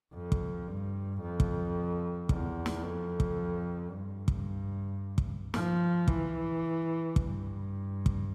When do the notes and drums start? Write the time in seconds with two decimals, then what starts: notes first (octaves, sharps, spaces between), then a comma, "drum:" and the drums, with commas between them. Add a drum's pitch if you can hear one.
0.14 F2
0.32 drum: kick
0.68 G2
1.22 F2
1.40 drum: kick
2.29 E2, drum: kick
2.66 drum: snare
2.83 F2
3.20 drum: kick
3.92 G2
4.28 drum: kick
5.18 drum: kick
5.54 F3, drum: snare
6.08 E3, drum: kick
7.16 G2, drum: kick
8.06 drum: kick